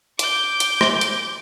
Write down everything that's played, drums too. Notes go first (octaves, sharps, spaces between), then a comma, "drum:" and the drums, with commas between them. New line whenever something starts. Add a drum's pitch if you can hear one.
D6 G6, drum: hi-hat
drum: hi-hat
drum: rim click
drum: hi-hat